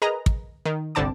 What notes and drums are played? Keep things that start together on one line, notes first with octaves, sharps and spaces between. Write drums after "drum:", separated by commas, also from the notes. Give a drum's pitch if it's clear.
G#4 A#4 B4 D#5 A#5
drum: kick
D#3
G1 C2 D3 C4 A5 D6